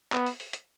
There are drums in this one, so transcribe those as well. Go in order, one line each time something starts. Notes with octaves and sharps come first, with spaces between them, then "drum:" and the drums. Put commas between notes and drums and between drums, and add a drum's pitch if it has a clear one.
B3, drum: clap
drum: open hi-hat
drum: open hi-hat
drum: hi-hat